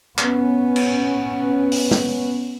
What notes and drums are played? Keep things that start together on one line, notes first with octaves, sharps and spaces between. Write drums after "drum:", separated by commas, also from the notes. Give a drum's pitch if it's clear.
B3 C#4, drum: clap
drum: cymbal
drum: open hi-hat
drum: snare